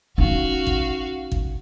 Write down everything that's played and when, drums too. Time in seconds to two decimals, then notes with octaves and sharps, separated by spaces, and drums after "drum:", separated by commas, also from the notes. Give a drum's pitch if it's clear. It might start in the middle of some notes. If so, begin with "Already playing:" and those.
0.18 C#4 D#4 F#4 F5
0.67 drum: kick
1.32 drum: kick